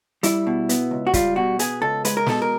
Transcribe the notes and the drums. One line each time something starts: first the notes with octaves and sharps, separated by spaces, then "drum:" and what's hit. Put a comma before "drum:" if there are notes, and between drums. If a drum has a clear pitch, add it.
G3 E4, drum: hi-hat
B2
B3, drum: hi-hat
C#2
F#4
G3 F4, drum: kick, hi-hat
B2 F#4
B3 G#4, drum: hi-hat
C#2 A4
G#3 B4, drum: hi-hat
A#4
B2 A4, drum: snare
A#4